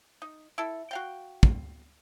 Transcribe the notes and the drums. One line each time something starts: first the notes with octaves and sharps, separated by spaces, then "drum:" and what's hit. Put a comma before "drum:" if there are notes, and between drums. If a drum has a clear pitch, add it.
D#4
E4 A4
F#4 F5 G5
drum: kick